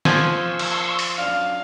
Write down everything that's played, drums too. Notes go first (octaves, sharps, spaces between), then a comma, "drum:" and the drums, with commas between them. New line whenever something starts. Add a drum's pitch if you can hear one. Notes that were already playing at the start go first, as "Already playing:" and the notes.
F3 G#5 C6 C#6 E6, drum: snare
drum: cymbal
drum: open hi-hat
F#2 D4 F5